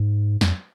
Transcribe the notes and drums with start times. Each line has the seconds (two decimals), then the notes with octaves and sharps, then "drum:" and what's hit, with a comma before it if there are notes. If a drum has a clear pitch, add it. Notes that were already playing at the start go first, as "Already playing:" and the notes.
Already playing: G#2
0.41 F2, drum: snare